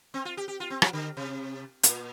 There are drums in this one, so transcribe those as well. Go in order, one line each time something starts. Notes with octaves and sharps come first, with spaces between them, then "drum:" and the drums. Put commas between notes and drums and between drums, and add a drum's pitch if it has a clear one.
C4
F4
G4
G4
F4
C4
F3, drum: rim click
D3
C3
A#2, drum: hi-hat